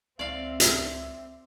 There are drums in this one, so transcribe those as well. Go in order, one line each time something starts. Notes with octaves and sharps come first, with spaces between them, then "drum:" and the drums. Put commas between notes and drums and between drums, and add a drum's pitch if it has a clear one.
C#2 C4 D5 E5 F5
drum: hi-hat